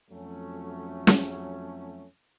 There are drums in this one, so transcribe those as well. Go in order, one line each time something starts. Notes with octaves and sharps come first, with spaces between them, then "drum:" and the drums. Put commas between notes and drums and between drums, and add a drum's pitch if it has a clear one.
F2 F#3 A3 C#4
drum: snare